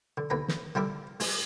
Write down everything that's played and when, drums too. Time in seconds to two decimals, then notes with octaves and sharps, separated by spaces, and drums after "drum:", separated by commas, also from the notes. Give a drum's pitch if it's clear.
0.17 D3
0.30 D#2 D3 B4 A#5
0.48 drum: snare
0.75 D3 G3 E4 A#4 D6
1.20 G#3, drum: open hi-hat